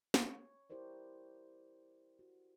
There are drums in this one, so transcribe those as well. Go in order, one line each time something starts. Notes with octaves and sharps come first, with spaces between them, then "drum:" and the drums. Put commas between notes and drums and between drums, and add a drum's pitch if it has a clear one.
C#5, drum: snare
E4 G4 A#4 C5 D5
F#4